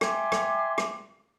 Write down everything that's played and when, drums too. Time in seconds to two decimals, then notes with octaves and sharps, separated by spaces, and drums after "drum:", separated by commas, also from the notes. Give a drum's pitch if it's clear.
0.01 E5 G5 G#5 C6 D6, drum: rim click
0.32 drum: rim click
0.78 drum: rim click